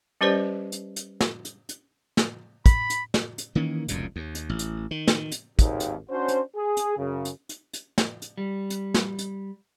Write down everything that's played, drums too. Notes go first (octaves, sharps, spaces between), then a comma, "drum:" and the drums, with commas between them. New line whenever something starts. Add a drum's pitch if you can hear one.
G3 C#4 G4 B4 C5 D5
drum: hi-hat
drum: hi-hat
drum: snare
drum: hi-hat
drum: hi-hat
drum: snare
B5, drum: kick, hi-hat
drum: hi-hat
drum: snare
drum: hi-hat
D#3 E3 A#3 C#4
F1 C#2 F#2 A#2, drum: hi-hat
D#2
drum: hi-hat
A1
drum: hi-hat
D#3
drum: snare
drum: hi-hat
G#1 D#2, drum: kick, hi-hat
drum: hi-hat
C#4 D4 F#4 C5
drum: hi-hat
G#4
drum: hi-hat
F#2 C#3
drum: hi-hat
drum: hi-hat
drum: hi-hat
drum: snare
drum: hi-hat
G3
drum: hi-hat
drum: snare
drum: hi-hat